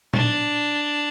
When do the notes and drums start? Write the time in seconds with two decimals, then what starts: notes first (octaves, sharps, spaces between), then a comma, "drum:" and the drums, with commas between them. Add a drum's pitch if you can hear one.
0.14 D4, drum: tom A#2